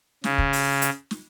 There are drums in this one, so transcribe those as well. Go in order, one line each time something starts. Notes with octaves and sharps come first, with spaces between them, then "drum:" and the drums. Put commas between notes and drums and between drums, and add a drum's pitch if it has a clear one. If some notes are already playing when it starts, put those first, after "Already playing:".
C#3, drum: snare
drum: kick
drum: open hi-hat
drum: hi-hat
drum: snare